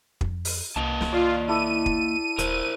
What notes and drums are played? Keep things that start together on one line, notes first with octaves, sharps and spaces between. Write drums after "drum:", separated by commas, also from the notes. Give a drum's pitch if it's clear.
F2, drum: kick
drum: open hi-hat
C2 A#3 D#5 A5
drum: snare
F4 D5
E4 A4 D6 D#7
drum: kick
D#1 A#4 C5 E6, drum: hi-hat